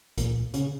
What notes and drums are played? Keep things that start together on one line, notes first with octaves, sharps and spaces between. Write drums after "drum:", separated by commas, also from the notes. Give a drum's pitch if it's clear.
A#2, drum: kick, hi-hat
C#3, drum: hi-hat